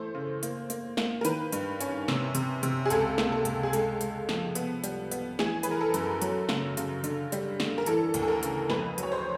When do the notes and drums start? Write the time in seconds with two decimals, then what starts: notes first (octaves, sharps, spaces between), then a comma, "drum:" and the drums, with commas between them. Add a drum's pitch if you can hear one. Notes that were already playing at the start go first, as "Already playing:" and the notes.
Already playing: E3 A3 C5
0.15 C#3
0.43 A#3, drum: hi-hat
0.70 A#3, drum: hi-hat
0.97 A#3, drum: snare
1.21 A#4
1.25 D#3 B4, drum: hi-hat
1.52 G2, drum: hi-hat
1.80 C#4, drum: hi-hat
2.08 C3, drum: snare
2.35 C3, drum: hi-hat
2.63 C3, drum: hi-hat
2.85 G#4
2.90 C#2 A4, drum: hi-hat
3.18 A#3, drum: snare
3.32 A4
3.45 C#2, drum: hi-hat
3.63 G#4
3.73 G#3 A4, drum: hi-hat
4.01 G#3, drum: hi-hat
4.29 F3, drum: snare
4.55 B3, drum: hi-hat
4.84 G3, drum: hi-hat
5.11 B3, drum: hi-hat
5.39 E3 G#4, drum: snare
5.63 E3 B4, drum: hi-hat
5.71 A#4
5.81 A4
5.94 F#2, drum: hi-hat
6.22 F#3, drum: hi-hat
6.49 C#3, drum: snare
6.77 C#3, drum: hi-hat
7.04 D3, drum: hi-hat
7.32 G3, drum: hi-hat
7.60 D3, drum: snare
7.78 A#4
7.86 E3 A4, drum: hi-hat
8.14 D2, drum: hi-hat
8.22 A4
8.28 A#4
8.43 C#3, drum: hi-hat
8.70 F2 B4, drum: snare
8.98 F#3 C#5, drum: hi-hat
9.12 C5